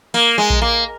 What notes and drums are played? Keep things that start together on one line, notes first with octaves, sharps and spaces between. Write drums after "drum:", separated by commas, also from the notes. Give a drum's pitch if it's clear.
A#3, drum: open hi-hat
G#3
drum: kick A#1
A#3